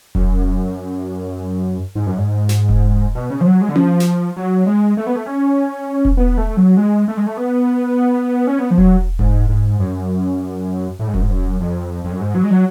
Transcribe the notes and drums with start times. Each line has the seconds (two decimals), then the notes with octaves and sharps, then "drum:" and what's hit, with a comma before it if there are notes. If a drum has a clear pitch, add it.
0.15 F#2, drum: kick E1
1.95 G#2
2.07 F#2
2.18 G#2
2.49 drum: snare
2.69 drum: kick E1
3.15 B2
3.30 C#3
3.41 F3
3.46 F#3
3.61 G#3
3.69 D3
3.76 F3, drum: tom C#4
4.00 drum: snare
4.36 F#3
4.66 G#3
4.97 A3
5.07 B3
5.16 A3
5.26 C#4
6.05 drum: kick E1
6.17 B3
6.37 A3
6.57 F#3
6.77 G#3
7.08 A3
7.17 G#3
7.26 A3
7.37 B3
8.47 C#4
8.59 B3
8.71 F3
8.78 F#3, drum: kick E1
9.19 G#2, drum: kick E1
9.49 G#2
9.79 F#2
10.99 A2
11.07 G#2
11.14 F#2, drum: kick E1
11.21 G#2
11.30 F#2
11.60 F2
12.04 F2
12.11 F#2
12.21 G#2
12.35 F#3
12.43 G#3
12.51 F#3